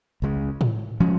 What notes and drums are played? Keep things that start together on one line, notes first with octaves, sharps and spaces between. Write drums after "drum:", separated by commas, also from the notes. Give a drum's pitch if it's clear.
C#2 C#3 G#3
drum: tom A2
F3 G#3 C#4